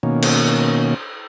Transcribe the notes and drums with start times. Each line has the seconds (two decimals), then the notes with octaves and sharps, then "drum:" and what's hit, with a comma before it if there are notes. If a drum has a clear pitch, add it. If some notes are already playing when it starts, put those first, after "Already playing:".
0.03 B2 D#3 A#3 C#4
0.22 drum: cymbal